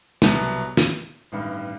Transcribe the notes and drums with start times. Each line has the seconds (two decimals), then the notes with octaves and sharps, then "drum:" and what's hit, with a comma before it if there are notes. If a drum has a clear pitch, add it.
0.22 C2 B2 F#3, drum: snare
0.77 drum: snare
1.32 A1 G2 D#3